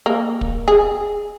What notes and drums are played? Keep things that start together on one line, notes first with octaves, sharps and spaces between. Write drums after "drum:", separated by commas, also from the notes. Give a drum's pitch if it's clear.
A#3
drum: kick
G#4